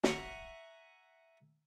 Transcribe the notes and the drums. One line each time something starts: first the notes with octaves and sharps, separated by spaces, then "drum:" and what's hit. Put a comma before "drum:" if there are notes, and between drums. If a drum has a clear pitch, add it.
E5 F#5 G#5 A#5 C#6, drum: snare